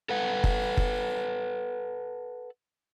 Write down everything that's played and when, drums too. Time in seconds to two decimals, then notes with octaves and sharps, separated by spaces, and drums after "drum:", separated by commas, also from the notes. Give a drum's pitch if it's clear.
0.09 A4 B4 F#5
0.44 drum: kick F#1
0.77 drum: kick F#1